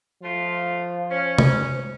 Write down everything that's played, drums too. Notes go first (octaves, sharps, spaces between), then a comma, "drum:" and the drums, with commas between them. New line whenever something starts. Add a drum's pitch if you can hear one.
F3 A3 F4
C#4 C5
drum: tom C3